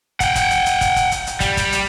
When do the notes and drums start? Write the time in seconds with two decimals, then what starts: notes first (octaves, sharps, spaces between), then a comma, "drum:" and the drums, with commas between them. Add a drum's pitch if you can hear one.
0.20 F#5 G5, drum: kick, hi-hat
0.36 drum: kick, hi-hat
0.51 drum: hi-hat
0.66 drum: hi-hat
0.81 drum: kick, hi-hat
0.96 drum: kick, hi-hat
1.12 drum: hi-hat
1.27 drum: hi-hat
1.40 G3, drum: kick, hi-hat
1.57 drum: kick, hi-hat
1.72 drum: hi-hat